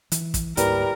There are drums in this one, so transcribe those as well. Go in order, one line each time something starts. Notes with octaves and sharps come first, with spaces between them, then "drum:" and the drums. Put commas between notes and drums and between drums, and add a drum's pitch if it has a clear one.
E3, drum: hi-hat
drum: kick, hi-hat
D2 G#2 G3 A#3 E4 A#4 B4, drum: hi-hat